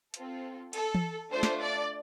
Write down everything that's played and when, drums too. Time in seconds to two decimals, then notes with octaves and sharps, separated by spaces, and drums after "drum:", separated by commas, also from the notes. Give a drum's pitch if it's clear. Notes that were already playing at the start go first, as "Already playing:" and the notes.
0.14 C4 F4 A4, drum: hi-hat
0.73 A4, drum: cymbal
0.95 drum: tom E3
1.32 A3 D4 F4 C5
1.43 drum: snare
1.62 D5